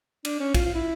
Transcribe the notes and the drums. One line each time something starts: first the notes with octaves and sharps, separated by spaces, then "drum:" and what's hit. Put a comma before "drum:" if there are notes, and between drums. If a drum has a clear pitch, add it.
D4, drum: cymbal
C#4
F4, drum: kick, cymbal
F4
E4